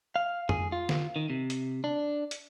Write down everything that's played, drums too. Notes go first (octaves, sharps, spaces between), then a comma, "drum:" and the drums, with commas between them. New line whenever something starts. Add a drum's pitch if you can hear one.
F5
G#4, drum: tom F2
F4
drum: snare D#3
D#3
C3
drum: hi-hat
D4
drum: hi-hat